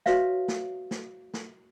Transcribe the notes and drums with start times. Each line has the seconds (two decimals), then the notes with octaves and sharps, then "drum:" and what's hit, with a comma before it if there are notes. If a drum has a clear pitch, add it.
0.06 F#4 B4 C#5 E5 F5, drum: snare
0.48 drum: snare
0.91 drum: snare
1.34 drum: snare